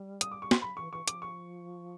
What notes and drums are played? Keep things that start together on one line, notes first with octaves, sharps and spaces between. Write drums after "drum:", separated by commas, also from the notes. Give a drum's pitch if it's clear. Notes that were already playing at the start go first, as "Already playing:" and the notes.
Already playing: G3
D#6, drum: hi-hat
D6
C#6
C6, drum: snare
F#3 B5
E3 C#6
E3 C#6
F3 D6, drum: hi-hat
C#6